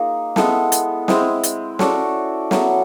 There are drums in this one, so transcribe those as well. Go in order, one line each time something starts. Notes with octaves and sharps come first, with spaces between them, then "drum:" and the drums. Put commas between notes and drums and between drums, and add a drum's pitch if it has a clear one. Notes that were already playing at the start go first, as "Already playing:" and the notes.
Already playing: A#3 D#4 F4 G#4
G#3 B3 E4 A4, drum: snare
drum: hi-hat
G#3 C4 E4, drum: snare
drum: hi-hat
C#4 F#4 A4 D5, drum: snare
F#3 B3 E4 A4, drum: snare